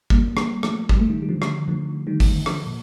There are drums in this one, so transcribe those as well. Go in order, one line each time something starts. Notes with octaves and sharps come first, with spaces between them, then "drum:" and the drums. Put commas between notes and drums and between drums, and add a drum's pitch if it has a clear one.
G3 A#3, drum: kick
G3 A#3, drum: rim click
F3 A3, drum: rim click
G3, drum: kick
A3
D#3 G3
G3
D3 F3
drum: rim click
D3 F3
D#3 G3
drum: kick, open hi-hat
D3 F3, drum: rim click
A#2